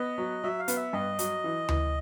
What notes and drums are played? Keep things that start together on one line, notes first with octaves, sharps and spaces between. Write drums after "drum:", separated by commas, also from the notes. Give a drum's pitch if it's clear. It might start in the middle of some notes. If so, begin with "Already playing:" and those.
Already playing: B3 D#5
F#3
F#3 E5
F5
B3, drum: hi-hat
E5
G2 D#5
F#3, drum: hi-hat
E3
E3, drum: tom D2